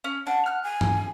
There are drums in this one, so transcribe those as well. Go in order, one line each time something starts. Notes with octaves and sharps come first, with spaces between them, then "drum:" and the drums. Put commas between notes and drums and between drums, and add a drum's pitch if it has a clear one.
C#4
D4 F#5
F6 F#6
G#5
drum: tom G2